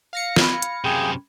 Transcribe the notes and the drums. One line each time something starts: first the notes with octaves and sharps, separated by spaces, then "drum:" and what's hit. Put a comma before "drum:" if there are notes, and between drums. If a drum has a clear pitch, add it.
F5 A#6 C#7
B5 G#6, drum: snare
drum: hi-hat
F#2 C3 G#4 G5